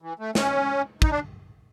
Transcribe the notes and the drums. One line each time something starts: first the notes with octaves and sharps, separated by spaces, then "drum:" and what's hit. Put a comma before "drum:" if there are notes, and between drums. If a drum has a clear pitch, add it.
E3
A3
C#4, drum: snare
D#4, drum: kick
D4